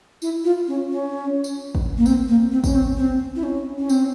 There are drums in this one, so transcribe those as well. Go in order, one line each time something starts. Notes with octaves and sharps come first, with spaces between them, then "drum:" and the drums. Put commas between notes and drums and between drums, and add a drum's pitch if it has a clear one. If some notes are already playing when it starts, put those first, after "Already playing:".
E4, drum: tambourine
F4
C#4
C#4
drum: tambourine
drum: kick
A#3
C4, drum: tambourine
A#3
C4
C#4, drum: kick, tambourine
C4
C4
E4
C#4
C#4
C4, drum: tambourine